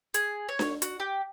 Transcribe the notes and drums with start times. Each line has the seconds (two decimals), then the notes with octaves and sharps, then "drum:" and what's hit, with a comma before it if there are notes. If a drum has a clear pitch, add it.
0.14 G#4, drum: hi-hat
0.49 C#5
0.59 drum: snare D4
0.82 F#4, drum: hi-hat
1.00 G4